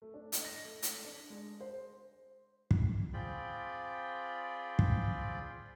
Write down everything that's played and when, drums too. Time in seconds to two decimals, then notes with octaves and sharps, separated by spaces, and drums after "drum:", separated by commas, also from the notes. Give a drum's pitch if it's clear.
0.02 A3
0.14 D4
0.32 D#5, drum: hi-hat
0.45 A#6
0.65 A3
0.82 B6, drum: hi-hat
1.05 D4
1.30 G#3
1.61 C5
2.71 drum: kick
3.13 C4 F4 G#4 D5 G5 B5
4.79 drum: kick